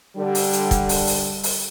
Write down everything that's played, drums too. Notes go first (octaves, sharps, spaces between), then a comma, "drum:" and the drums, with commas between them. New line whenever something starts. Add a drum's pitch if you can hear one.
D3 G3
drum: open hi-hat
drum: hi-hat
drum: kick, hi-hat
drum: open hi-hat
drum: open hi-hat
drum: open hi-hat